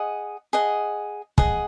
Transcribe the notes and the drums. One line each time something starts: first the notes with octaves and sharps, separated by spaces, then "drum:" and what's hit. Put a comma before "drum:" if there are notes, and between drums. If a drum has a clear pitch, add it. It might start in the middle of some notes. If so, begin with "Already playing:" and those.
Already playing: G#4 D#5 F#5
G#4 D#5 F#5
G#4 D#5 F#5, drum: kick